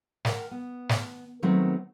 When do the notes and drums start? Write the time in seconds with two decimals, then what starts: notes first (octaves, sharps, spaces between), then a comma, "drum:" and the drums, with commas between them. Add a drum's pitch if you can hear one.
0.25 A#4 F#5 G5, drum: snare
0.51 B3
0.89 drum: snare
1.42 D#3 F#3 A3 B3 C4